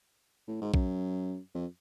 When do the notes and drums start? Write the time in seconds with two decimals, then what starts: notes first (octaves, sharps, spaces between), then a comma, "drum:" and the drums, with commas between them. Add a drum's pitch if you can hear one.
0.48 A2
0.61 G#2
0.74 F#2, drum: kick
1.55 F2